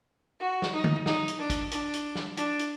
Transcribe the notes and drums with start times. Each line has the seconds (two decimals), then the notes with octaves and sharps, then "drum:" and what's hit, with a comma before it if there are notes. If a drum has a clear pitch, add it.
0.40 F#4
0.62 drum: snare
0.73 D#4
0.84 drum: tom
1.06 D#4, drum: snare
1.28 drum: hi-hat
1.39 D4
1.50 drum: kick, hi-hat
1.71 D4, drum: hi-hat
1.94 drum: hi-hat
2.15 drum: snare
2.37 D4, drum: hi-hat
2.59 drum: hi-hat